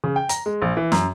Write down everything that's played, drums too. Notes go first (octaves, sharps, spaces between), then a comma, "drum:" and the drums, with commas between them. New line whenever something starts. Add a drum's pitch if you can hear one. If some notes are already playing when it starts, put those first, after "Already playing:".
C#3
G5
A#5, drum: hi-hat
G#3
A#1
E3
F#2, drum: snare